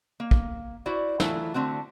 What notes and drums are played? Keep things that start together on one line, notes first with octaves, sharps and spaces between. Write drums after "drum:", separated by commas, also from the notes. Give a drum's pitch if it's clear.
A#3
drum: kick
E4 F#4 C5 D5
E3 F#3 A3 E4 F4, drum: snare
D3 A3 C4 F#4